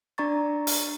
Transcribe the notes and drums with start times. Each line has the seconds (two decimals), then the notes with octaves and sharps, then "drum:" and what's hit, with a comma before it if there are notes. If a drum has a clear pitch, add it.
0.18 D4 D5 A#5 C#6 A6
0.67 drum: open hi-hat